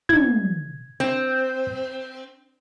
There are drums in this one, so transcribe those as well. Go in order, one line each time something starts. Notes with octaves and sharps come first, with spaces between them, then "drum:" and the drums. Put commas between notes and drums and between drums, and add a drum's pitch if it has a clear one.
G#6, drum: tom
C4